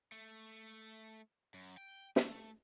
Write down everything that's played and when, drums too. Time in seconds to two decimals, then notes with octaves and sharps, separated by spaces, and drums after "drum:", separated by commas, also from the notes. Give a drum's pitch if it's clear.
0.12 A3
1.54 F#2
1.77 G5
2.16 A3, drum: snare